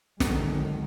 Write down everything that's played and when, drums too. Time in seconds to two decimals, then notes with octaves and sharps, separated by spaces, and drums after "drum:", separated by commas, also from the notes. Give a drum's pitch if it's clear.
0.20 D3 D#3 F#3 G#3, drum: snare